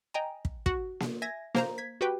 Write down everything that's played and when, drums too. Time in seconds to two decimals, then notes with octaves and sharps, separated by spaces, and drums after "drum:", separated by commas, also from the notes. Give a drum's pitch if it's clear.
0.14 D#5 G5 G#5 A#5
0.45 drum: kick
0.66 F#4, drum: kick
1.00 drum: snare A#3
1.22 E5 G#5 G#6 A#6
1.55 A#3 C5 A#5, drum: snare A#3
1.78 G#6 B6
2.01 F#4 G4 B4 G5